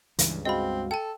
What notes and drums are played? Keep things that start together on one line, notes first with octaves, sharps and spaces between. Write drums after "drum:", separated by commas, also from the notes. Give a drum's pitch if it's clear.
C#2 G2 C#3 E3, drum: hi-hat
G#3 C4 F#4 D#5 F5 B5
A4 G5 A5